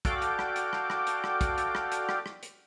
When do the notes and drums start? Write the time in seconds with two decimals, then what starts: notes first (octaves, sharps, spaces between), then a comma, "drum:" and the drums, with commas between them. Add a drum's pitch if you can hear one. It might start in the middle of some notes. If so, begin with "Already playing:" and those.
0.05 F#4 A4 D5 F5 G5 D6, drum: kick, hi-hat
0.22 drum: hi-hat
0.39 drum: rim click
0.56 drum: hi-hat
0.73 drum: rim click
0.90 drum: rim click
1.07 drum: hi-hat
1.24 drum: rim click
1.41 drum: kick, hi-hat
1.58 drum: hi-hat
1.75 drum: rim click
1.92 drum: hi-hat
2.09 drum: rim click
2.26 drum: rim click
2.43 drum: hi-hat